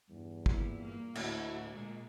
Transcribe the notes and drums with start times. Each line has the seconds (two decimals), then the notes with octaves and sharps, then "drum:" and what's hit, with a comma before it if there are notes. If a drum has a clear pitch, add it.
0.10 E2 G2
0.46 A#2 G3 E4, drum: kick
0.83 A#2 A#3
1.15 D2 A2 A3 E4 F#4, drum: cymbal
1.72 A#2 G#3 A#3